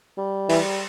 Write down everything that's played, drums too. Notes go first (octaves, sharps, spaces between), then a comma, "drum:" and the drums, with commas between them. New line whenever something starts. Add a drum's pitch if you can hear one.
G3
E3, drum: open hi-hat